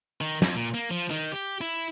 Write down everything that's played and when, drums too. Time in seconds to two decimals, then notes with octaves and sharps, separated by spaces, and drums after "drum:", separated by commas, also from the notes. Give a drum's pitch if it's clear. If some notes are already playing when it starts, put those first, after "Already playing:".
0.21 D#3
0.42 F2, drum: snare
0.56 A#2
0.74 A#3
0.91 F3
1.10 D#3, drum: hi-hat
1.32 G4
1.61 E4